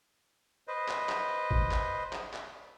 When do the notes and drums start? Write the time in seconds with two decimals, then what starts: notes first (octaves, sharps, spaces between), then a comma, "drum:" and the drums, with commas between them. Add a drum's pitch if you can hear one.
0.68 B4 C5 D#5
0.88 drum: clap
1.09 drum: clap
1.51 drum: kick
1.71 drum: clap
2.13 drum: clap
2.34 drum: clap